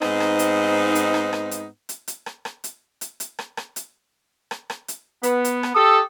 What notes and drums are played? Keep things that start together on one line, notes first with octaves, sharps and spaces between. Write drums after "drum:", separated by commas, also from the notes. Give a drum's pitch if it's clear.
G#2 B3 C4 D#4, drum: rim click
drum: rim click
drum: hi-hat
drum: hi-hat
drum: rim click
drum: rim click
drum: hi-hat
drum: hi-hat
drum: hi-hat
drum: rim click
drum: rim click
drum: hi-hat
drum: hi-hat
drum: hi-hat
drum: rim click
drum: rim click
drum: hi-hat
drum: rim click
drum: rim click
drum: hi-hat
B3, drum: hi-hat
drum: hi-hat
drum: rim click
G4 A4 D#6